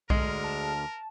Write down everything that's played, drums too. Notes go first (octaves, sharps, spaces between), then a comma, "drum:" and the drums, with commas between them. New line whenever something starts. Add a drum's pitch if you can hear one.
D2 D3 G#3 A#4 F6, drum: kick B1
A5